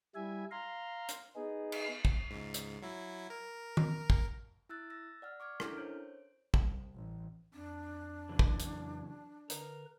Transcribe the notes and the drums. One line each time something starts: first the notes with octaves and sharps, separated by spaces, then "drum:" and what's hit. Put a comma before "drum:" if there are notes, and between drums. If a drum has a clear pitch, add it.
G3 E4 E5 G#5
F5 A#5 C6
drum: hi-hat
B3 D#4 G#4
drum: cymbal
drum: kick
C#2 G#2
drum: hi-hat
F#3 E4
A#4
drum: tom D#3
drum: kick
E4 E6 F#6 A6
E6 A6 A#6
D5 F#5 F6
C#6 D6 F6 G#6
C#4 D4 E4 A4 A#4, drum: rim click
C5 C#5 G6 D7
C2, drum: kick
A1
F2 D4
C#3 E3 F#3
drum: kick
drum: hi-hat
D3 A#4 B4, drum: hi-hat